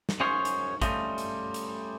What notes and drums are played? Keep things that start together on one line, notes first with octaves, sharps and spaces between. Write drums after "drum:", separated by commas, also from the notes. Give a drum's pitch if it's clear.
drum: snare
F#2 C#4 G#4 C5 C#5 F5
drum: hi-hat
G3 A3 C#4 F4 D#5, drum: kick, hi-hat
drum: hi-hat
drum: hi-hat